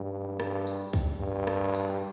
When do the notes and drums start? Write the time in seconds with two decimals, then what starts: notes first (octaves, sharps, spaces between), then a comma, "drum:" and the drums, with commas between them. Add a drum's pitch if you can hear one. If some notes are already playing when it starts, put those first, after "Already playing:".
Already playing: G2
0.40 G2, drum: rim click
0.66 drum: tambourine
0.93 drum: kick C2, tambourine
1.20 G2
1.47 drum: rim click
1.74 drum: tambourine